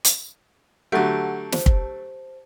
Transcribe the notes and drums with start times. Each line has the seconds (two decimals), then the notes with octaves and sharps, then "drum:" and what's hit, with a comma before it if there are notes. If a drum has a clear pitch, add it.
0.05 drum: hi-hat
0.92 D3 F#3 A3 G4 F#5 A5
1.52 C5, drum: snare
1.66 drum: kick